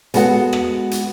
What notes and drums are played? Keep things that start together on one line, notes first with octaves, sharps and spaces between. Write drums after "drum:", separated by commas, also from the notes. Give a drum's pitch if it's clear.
G#3 B3 F#4 A4 F#5, drum: hi-hat
drum: rim click
drum: hi-hat